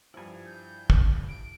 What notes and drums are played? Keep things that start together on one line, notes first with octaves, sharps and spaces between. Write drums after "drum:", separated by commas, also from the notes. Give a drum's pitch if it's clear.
G2 F3 E4 G#5
G6
drum: kick
D7